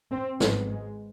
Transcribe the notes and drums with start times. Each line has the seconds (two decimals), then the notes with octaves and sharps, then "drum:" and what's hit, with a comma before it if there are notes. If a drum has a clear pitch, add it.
0.12 C4
0.40 G#1 G#2 B3, drum: snare
0.70 G#3